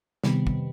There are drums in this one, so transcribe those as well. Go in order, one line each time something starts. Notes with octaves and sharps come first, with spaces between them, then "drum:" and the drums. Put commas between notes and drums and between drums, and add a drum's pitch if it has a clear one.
C3 D#3 G3 B3, drum: snare
drum: kick